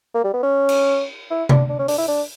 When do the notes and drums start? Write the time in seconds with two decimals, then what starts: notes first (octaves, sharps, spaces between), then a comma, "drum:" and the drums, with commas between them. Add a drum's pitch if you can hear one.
0.14 A#3
0.24 G3
0.34 B3
0.43 C#4
0.69 drum: cymbal
1.30 E4
1.49 D4, drum: tom C3
1.69 D4
1.79 C#4
1.88 D4, drum: open hi-hat
1.98 E4
2.08 D4